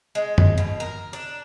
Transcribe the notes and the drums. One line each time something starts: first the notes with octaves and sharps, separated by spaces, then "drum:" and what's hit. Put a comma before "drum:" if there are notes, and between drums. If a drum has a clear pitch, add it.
G#3
drum: tom F#2
B2
A#4
D4